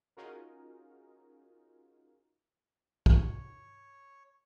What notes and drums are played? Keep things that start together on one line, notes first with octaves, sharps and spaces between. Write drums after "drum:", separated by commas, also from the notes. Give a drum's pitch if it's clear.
C#4 D#4 F4 F#4 G#4 A#4
C#5, drum: kick